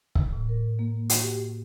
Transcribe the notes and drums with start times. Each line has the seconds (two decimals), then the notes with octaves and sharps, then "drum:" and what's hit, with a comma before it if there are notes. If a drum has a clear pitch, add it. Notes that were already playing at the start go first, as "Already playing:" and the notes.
0.15 drum: kick C#1
0.33 A2
0.49 A#4
0.79 A#3
1.10 F#4, drum: hi-hat
1.23 G4